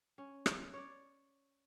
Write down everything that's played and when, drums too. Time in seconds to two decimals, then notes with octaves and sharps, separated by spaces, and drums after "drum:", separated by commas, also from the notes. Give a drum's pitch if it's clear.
0.18 C#4
0.46 drum: rim click
0.73 C#5 D5